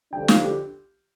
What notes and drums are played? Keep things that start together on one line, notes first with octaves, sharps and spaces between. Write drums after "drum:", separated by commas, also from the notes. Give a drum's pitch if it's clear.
F2 D3 G3 D4 G5
F5, drum: snare
G4